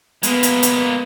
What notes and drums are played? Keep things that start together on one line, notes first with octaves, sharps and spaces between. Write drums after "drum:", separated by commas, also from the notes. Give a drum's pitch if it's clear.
G#3 A#3 B3, drum: hi-hat
drum: hi-hat
drum: hi-hat